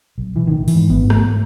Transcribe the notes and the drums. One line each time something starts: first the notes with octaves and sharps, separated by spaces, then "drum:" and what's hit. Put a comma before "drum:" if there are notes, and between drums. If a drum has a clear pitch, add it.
B1
E3
A1 D#3
E3, drum: open hi-hat
G#2
B3, drum: kick G#1
G#2
A3, drum: rim click